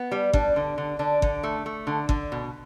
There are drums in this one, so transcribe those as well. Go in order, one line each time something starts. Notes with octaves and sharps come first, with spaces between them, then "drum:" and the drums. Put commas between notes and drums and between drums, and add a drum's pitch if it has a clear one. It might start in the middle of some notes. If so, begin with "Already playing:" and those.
Already playing: B3
G3
G3 D4, drum: kick G1
D3
D3
D3 D4
D3, drum: kick G1
A3
A3
D3
D3, drum: kick G1
B2